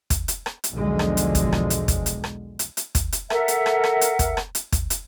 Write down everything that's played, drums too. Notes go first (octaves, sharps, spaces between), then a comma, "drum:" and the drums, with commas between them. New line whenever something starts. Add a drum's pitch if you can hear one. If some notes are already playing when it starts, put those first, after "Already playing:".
drum: kick, hi-hat
drum: hi-hat
drum: rim click
drum: hi-hat
B1 E2 D3 F3 G#3
drum: rim click
drum: hi-hat
drum: kick, hi-hat
drum: rim click
drum: hi-hat
drum: kick, hi-hat
drum: hi-hat
drum: rim click
drum: hi-hat
drum: hi-hat
drum: kick, hi-hat
drum: hi-hat
A4 A#4 E5 F#5, drum: rim click
drum: hi-hat
drum: rim click
drum: rim click
drum: hi-hat
drum: kick, hi-hat
drum: rim click
drum: hi-hat
drum: kick, hi-hat
drum: hi-hat